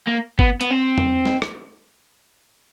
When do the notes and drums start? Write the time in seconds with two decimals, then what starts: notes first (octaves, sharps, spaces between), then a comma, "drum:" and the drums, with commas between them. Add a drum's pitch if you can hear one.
0.08 A#3
0.39 B3, drum: kick G1
0.61 B3, drum: hi-hat
0.70 C4
0.98 drum: tom E2
1.25 drum: snare
1.42 drum: rim click